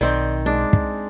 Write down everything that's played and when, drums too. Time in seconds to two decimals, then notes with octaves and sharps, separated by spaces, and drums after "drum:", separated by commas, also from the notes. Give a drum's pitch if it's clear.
0.01 B1 D#3 C4 D5 D#5 C6
0.46 G#3 D4 D#4 G#4
0.73 drum: kick